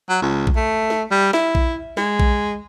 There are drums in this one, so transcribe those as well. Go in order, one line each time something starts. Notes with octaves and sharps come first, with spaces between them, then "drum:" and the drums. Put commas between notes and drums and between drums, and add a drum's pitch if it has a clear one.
F#3
C#2
drum: kick A#1
A3
drum: snare
G3
E4, drum: snare
drum: kick A#1
G#3, drum: snare
drum: kick A#1